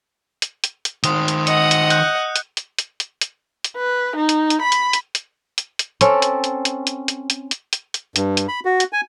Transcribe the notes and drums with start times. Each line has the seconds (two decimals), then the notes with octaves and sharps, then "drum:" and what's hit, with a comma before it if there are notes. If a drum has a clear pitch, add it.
0.42 drum: hi-hat
0.64 drum: hi-hat
0.85 drum: hi-hat
1.04 D#3 C5 D#6, drum: hi-hat
1.28 drum: hi-hat
1.47 D#5 F#5 C#7, drum: hi-hat
1.71 drum: hi-hat
1.90 F#6 G6, drum: hi-hat
2.36 drum: hi-hat
2.57 drum: hi-hat
2.79 drum: hi-hat
3.00 drum: hi-hat
3.21 drum: hi-hat
3.64 drum: hi-hat
3.77 B4
4.16 D#4
4.29 drum: hi-hat
4.50 drum: hi-hat
4.62 B5
4.72 drum: hi-hat
4.93 drum: hi-hat
5.15 drum: hi-hat
5.58 drum: hi-hat
5.79 drum: hi-hat
6.01 C4 C#4 A4, drum: hi-hat
6.22 drum: hi-hat
6.44 drum: hi-hat
6.65 drum: hi-hat
6.87 drum: hi-hat
7.08 drum: hi-hat
7.30 drum: hi-hat
7.51 drum: hi-hat
7.73 drum: hi-hat
7.94 drum: hi-hat
8.16 G2, drum: hi-hat
8.37 drum: hi-hat
8.48 B5
8.65 F#4
8.80 drum: hi-hat
8.93 G#5